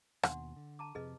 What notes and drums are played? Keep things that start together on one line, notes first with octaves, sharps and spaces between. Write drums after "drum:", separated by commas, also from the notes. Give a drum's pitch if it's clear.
D#2 B2 D4 F#5 C6, drum: rim click
D3
A5 A#5 D6
F2 C3 G#4 B4 D#5